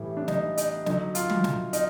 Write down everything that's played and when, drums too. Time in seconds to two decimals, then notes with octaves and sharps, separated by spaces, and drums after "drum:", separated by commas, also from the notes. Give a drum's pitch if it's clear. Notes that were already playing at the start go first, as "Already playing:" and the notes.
Already playing: A2 E3 G3
0.17 D4
0.28 D#4, drum: snare
0.57 D#4, drum: hi-hat
0.86 D3 F#3 D#4, drum: snare
1.15 F4, drum: hi-hat
1.30 drum: tom
1.44 drum: snare
1.73 D#4, drum: hi-hat